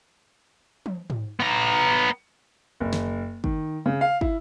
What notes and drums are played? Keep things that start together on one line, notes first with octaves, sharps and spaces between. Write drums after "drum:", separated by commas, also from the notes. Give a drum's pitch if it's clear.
drum: tom
drum: tom G#2
B3 A#5
F#1
drum: snare
D#3, drum: kick
C#3
F5
E4, drum: kick